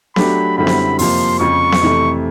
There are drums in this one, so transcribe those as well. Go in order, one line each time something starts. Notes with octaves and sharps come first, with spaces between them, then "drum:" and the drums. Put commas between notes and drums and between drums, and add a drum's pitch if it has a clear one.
F#3 A3 D4 G4 B5, drum: snare B3
F#2 D3 G3 C4 E4 B5
drum: snare B3
F2 C3 F3 A#3 C6, drum: open hi-hat
F2 C#3 F3 C#6
drum: snare B3
F2 C3 E3 A3